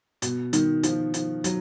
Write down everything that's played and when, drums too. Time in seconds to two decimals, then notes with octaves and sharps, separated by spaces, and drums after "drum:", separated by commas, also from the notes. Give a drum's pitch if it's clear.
0.22 B2, drum: hi-hat
0.53 D#3, drum: hi-hat
0.83 F3, drum: hi-hat
1.14 F3, drum: hi-hat
1.44 F#3, drum: hi-hat